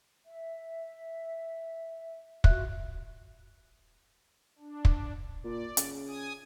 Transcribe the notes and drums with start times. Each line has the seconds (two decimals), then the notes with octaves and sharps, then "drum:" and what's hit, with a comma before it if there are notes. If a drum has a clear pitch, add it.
0.25 E5
2.44 F4 F#4 E5 F#6, drum: kick
4.59 D4
4.85 drum: kick
5.44 A#2 D5
5.77 C#3, drum: hi-hat
6.08 G#5 D#6